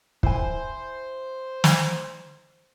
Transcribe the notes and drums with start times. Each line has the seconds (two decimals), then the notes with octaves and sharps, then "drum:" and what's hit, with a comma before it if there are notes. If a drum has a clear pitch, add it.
0.23 E4 C5 G#5, drum: kick
1.64 drum: snare